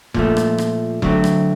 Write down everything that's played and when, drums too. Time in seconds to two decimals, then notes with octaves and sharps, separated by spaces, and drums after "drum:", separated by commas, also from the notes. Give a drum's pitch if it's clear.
0.14 A#2 F3 A3, drum: kick E1
0.37 drum: rim click
0.58 drum: rim click
1.02 D3 F#3 A3 C4, drum: kick E1
1.24 drum: rim click